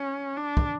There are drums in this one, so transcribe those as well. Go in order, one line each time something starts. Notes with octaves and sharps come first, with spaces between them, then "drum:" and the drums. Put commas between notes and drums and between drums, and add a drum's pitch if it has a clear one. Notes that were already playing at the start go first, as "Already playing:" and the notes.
Already playing: C#4
D4
drum: kick